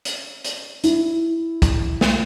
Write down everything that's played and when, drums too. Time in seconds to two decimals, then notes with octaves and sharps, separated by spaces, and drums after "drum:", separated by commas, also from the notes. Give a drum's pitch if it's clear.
0.05 drum: hi-hat
0.45 drum: hi-hat
0.84 E4, drum: hi-hat
1.62 drum: kick, hi-hat
2.01 drum: snare